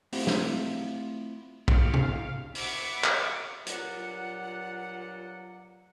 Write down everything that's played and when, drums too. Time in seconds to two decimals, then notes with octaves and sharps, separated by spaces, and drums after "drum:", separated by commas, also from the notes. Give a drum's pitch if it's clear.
0.12 A3 C4 E4 F4 G4 F#5, drum: open hi-hat
0.27 drum: snare
1.68 E4 F#4 G4 F5, drum: kick
1.94 drum: tom
2.55 E5 F#5 B5 C#6 D6 E6, drum: open hi-hat
3.04 drum: clap
3.67 G2 A#2 F#3 F4 D5 F#5, drum: hi-hat